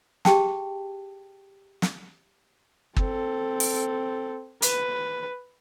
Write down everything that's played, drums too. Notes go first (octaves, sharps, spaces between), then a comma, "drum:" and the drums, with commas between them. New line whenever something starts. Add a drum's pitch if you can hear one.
G4 G#4 G5 A5, drum: snare
drum: snare
C4 A4, drum: kick
drum: open hi-hat
B4, drum: hi-hat